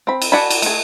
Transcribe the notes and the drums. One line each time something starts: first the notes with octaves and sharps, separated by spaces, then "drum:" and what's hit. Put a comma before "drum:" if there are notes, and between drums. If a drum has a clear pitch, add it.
C4 B5
drum: cymbal
F#4 D5 G#5 A5 B5
drum: cymbal
A3 G#4, drum: cymbal